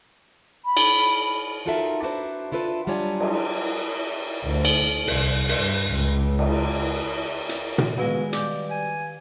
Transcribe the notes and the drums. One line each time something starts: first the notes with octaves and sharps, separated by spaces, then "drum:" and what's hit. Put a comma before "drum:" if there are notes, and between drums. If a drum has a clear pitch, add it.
B5
drum: cymbal
D#4 F4 F#4 A4 A#4 E5
D4 E4 F#4 A4 B4 C5
D4 E4 F4 A4 B4
F#3 G3 D4 F4 C#5 G#5
drum: cymbal
D2
drum: cymbal
C2, drum: open hi-hat
drum: open hi-hat
G2
C#2
drum: cymbal
drum: hi-hat
drum: tom A#2
D#3 G#3 B3 F#4 G#4 B4 F5
G3 D5 D6 G6, drum: hi-hat
G#5